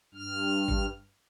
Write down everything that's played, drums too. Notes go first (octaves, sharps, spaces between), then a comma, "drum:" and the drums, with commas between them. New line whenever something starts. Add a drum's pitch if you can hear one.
G2 F6
drum: kick G#1